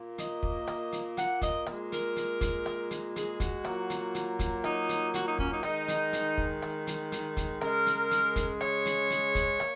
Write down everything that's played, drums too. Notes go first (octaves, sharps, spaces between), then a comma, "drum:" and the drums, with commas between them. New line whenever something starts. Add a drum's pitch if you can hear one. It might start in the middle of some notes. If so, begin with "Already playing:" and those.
Already playing: A#2 A#3
D#5, drum: hi-hat
drum: kick
drum: rim click
drum: hi-hat
F#5, drum: hi-hat
D#5, drum: kick, hi-hat
A#2 G#3, drum: rim click
A#4, drum: hi-hat
drum: hi-hat
drum: kick, hi-hat
drum: rim click
drum: hi-hat
G#4, drum: hi-hat
F#4, drum: kick, hi-hat
A#2 F#3 A#3, drum: rim click
drum: hi-hat
drum: hi-hat
drum: kick, hi-hat
D#4, drum: rim click
drum: hi-hat
F#4, drum: hi-hat
D#4
C#4, drum: kick
D#4
D#3 G#3 D#4, drum: rim click
drum: hi-hat
drum: hi-hat
drum: kick
drum: rim click
drum: hi-hat
drum: hi-hat
drum: kick, hi-hat
C#3 G#3 A#4, drum: rim click
drum: hi-hat
drum: hi-hat
drum: kick, hi-hat
C#5, drum: rim click
drum: hi-hat
drum: hi-hat
drum: kick, hi-hat
A#3, drum: rim click